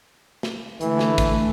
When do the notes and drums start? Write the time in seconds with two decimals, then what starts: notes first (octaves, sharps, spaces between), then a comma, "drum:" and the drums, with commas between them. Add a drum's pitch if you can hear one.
0.43 drum: snare
0.81 D3 E3 A3, drum: hi-hat
0.99 drum: snare
1.18 drum: kick, hi-hat